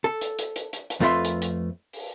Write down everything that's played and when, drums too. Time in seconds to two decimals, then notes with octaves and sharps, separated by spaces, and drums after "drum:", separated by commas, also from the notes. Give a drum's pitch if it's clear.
0.04 A4
0.21 drum: hi-hat
0.39 drum: hi-hat
0.56 drum: hi-hat
0.73 drum: hi-hat
0.90 drum: hi-hat
1.00 F2 A3 F4 B4 E5 C6
1.25 drum: hi-hat
1.42 drum: hi-hat
1.93 drum: open hi-hat